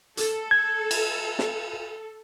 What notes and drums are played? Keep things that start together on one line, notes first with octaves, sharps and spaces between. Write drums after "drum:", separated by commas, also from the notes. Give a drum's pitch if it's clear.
A4, drum: hi-hat
G#6
drum: cymbal
drum: snare